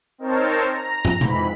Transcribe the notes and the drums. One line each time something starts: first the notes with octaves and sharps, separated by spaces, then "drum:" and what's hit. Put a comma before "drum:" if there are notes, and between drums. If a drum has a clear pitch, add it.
C4 D#4 A#4 C5 C#5 A5
A#5
drum: tom
F2 G#2 E3 B5, drum: tom C3